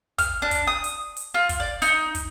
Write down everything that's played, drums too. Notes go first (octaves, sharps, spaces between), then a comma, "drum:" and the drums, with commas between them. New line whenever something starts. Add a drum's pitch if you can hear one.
F6, drum: kick, hi-hat
D4
drum: kick, hi-hat
D#6
drum: hi-hat
drum: hi-hat
F4
drum: kick, hi-hat
D5
D#4, drum: hi-hat
drum: kick, hi-hat